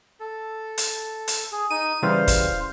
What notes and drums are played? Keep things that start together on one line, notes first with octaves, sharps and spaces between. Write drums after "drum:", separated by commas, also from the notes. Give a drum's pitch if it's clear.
A4
drum: hi-hat
drum: hi-hat
G#4
D#4 D#7
C#3 E3 G3 C5 F5
drum: kick, hi-hat